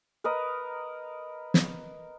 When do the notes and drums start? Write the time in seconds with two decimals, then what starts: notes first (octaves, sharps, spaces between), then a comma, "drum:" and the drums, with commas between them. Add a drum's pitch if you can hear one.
0.24 A#4 B4 D#5
1.54 drum: snare